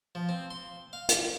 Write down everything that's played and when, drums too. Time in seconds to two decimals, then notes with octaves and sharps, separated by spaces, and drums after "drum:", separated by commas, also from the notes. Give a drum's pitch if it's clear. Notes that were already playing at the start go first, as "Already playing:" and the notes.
0.15 F3
0.29 C4
0.50 C6
0.93 F5
1.09 drum: hi-hat